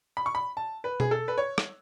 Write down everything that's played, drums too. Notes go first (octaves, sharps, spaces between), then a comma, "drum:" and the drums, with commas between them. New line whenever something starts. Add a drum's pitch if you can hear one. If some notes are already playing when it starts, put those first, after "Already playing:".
B5
C#6
B5
A5
B4
G#4, drum: tom B2
A4
B4
C#5
drum: rim click